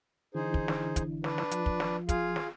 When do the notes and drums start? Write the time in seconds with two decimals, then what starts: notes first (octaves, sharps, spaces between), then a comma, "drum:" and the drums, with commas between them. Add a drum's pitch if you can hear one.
0.35 D3 E3 D#4 G#4 C5
0.54 drum: kick
0.68 drum: snare
0.96 drum: kick, hi-hat
1.24 D4 B4 D5, drum: snare
1.38 drum: snare
1.51 F3, drum: hi-hat
1.66 drum: kick
1.80 drum: snare
2.09 F4 G#4 F5, drum: kick, hi-hat
2.36 drum: snare